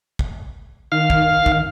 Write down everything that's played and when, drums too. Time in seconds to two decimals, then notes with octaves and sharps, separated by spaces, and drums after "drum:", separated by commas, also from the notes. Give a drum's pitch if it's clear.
0.19 drum: kick
0.92 D#3 F5
1.10 drum: kick
1.46 drum: kick